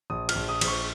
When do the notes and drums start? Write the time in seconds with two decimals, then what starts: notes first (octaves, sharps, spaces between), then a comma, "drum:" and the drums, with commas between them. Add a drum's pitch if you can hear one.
0.10 A#1 D#6
0.29 F6, drum: cymbal
0.35 A#1
0.49 D#6
0.61 A#1, drum: cymbal
0.68 C#6